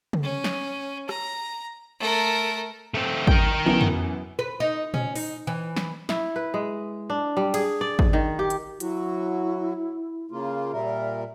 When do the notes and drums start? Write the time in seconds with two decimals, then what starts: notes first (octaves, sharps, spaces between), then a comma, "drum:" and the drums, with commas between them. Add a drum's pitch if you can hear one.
0.13 drum: tom C#3
0.23 C#4
0.44 drum: snare
1.09 A#5, drum: rim click
2.00 A3 A#4
2.94 A3 C4
3.27 A#4 G5, drum: kick
3.65 F#2 E3 B3
3.81 drum: tom F2
4.39 B4
4.60 D#4
4.94 C#4, drum: tom A#2
5.16 D#4, drum: open hi-hat
5.47 E3
5.76 drum: snare
6.09 E4, drum: snare
6.36 B4
6.54 G#3
7.10 D4
7.37 G3
7.54 G#4, drum: cymbal
7.81 D5
7.99 drum: kick
8.13 D#3
8.39 G4
8.50 drum: hi-hat
8.80 F#3 E4 F#4, drum: hi-hat
10.31 C#3 A#3 F4
10.73 A#2 G3 A#4 E5